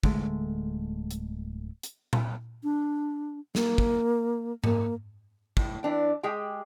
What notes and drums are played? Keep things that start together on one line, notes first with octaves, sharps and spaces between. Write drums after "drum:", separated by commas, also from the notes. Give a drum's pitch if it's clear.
D1 D3 G#3 A3, drum: kick
drum: hi-hat
drum: hi-hat
drum: tom A#2
D4
A#3, drum: snare
drum: kick
A#3, drum: tom G#2
A2, drum: kick
E3 D4 G5
G#3 G4 G#4 G5